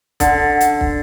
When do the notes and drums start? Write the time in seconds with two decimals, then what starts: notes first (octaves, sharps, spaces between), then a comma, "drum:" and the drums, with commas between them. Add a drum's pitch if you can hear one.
0.20 D3, drum: kick, hi-hat
0.61 drum: hi-hat
0.81 drum: kick